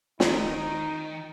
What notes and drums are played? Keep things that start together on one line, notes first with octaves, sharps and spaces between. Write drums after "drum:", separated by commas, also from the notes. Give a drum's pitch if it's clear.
D#3 D#4, drum: snare